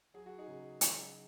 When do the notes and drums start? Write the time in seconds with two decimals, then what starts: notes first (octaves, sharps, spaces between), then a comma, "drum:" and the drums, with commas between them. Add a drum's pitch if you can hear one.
0.14 F#3 G#4
0.26 F#4
0.38 D#4 G#4
0.47 C#3
0.81 F#3, drum: hi-hat